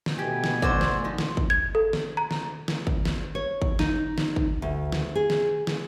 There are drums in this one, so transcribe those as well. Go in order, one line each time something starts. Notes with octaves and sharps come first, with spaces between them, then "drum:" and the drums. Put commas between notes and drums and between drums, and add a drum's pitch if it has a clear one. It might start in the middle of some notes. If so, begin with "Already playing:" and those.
drum: snare
B2 A3 B3 G4 G#5
drum: snare
D3 F#4 C5 D5, drum: kick
drum: snare
F3 D#4
drum: snare
drum: kick
G#6
A4
drum: snare
A#5
drum: snare
drum: snare
drum: kick
drum: snare
C#5
drum: kick
D#4, drum: snare
drum: snare
drum: kick
D2
drum: snare
G#4
drum: snare
drum: snare